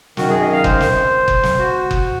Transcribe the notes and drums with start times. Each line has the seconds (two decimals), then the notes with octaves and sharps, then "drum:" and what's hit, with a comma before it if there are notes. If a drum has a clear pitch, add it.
0.17 F#2 D#3 F#4, drum: snare
0.29 G#4
0.41 D#5
0.53 F5
0.64 C5, drum: kick F#1
0.80 drum: snare
1.28 drum: kick F#1
1.43 drum: snare
1.59 F#4
1.91 drum: kick F#1